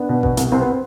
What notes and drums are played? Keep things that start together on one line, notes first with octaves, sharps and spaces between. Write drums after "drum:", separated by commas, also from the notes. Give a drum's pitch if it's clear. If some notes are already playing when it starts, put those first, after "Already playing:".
Already playing: B3 D4
B2
B2, drum: kick A1
C2, drum: hi-hat
C2 C4
B3
C4